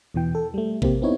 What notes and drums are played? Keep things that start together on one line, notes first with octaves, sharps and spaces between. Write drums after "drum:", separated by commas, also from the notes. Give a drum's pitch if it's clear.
E2 B2 E3 G5
A4
G3 A3
C3 A#3 C4 G4, drum: kick A1
B3 C4 D#4 E4 C#5